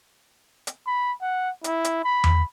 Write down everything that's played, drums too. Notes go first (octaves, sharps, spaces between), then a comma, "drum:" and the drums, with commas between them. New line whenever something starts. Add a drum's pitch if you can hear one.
drum: hi-hat
B5
F#5
E4, drum: hi-hat
drum: hi-hat
B5
drum: tom E2